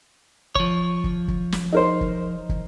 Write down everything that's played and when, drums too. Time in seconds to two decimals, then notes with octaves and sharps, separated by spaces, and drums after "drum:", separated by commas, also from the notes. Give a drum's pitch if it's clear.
0.55 F3 C#5, drum: kick
1.04 drum: kick
1.28 drum: kick
1.52 drum: snare
1.73 D#4 A#4 C5
2.01 drum: kick
2.49 drum: kick